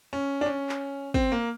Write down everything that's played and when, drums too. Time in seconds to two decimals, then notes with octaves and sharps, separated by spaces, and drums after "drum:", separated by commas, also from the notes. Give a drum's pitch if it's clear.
0.13 C#4
0.41 D4
0.46 C#4
0.69 drum: clap
1.14 C4, drum: kick
1.32 A#3